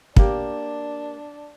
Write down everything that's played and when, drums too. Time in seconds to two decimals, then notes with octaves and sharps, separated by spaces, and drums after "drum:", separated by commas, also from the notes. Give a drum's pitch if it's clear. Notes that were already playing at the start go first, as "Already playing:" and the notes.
0.16 A#3 D4 G4, drum: kick